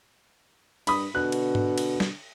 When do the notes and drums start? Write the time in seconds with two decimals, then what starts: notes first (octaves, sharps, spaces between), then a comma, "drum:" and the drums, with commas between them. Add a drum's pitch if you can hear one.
0.87 G2 B5 D#6, drum: cymbal
1.15 B2 D3 F#6
1.32 drum: cymbal
1.55 drum: tom G#2
1.78 drum: cymbal
2.00 drum: snare